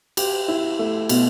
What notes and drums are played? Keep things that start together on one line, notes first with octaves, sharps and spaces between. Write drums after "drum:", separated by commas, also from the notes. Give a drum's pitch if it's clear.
G4, drum: cymbal
E4
A3
B2, drum: cymbal